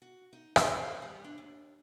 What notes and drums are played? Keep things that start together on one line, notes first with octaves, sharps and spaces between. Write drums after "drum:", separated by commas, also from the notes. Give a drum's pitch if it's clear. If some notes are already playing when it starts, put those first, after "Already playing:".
F#4
D#4
G#4, drum: rim click
C5
G3
D4
D#2